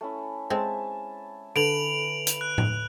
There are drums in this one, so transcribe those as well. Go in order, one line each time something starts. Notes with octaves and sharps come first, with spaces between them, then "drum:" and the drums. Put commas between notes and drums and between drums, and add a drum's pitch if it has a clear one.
A3 C#4 E4
G#3 C4 E5 G#5 A5
D3 B4 D7 F7 F#7
drum: hi-hat
F#6
drum: tom A2